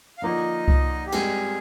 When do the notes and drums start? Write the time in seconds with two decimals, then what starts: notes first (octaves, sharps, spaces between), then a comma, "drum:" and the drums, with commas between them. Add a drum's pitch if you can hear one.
0.18 F5
0.22 D3 F3 A#3 D#4 F4 D#5
0.68 drum: kick C2
1.06 G4
1.12 G#2 G3 C4 G#4, drum: cymbal